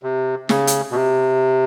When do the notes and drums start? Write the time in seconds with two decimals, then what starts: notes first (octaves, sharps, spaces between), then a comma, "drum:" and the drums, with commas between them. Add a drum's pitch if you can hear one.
0.03 C3
0.49 C#3, drum: snare
0.67 drum: hi-hat
0.91 B2
0.95 C3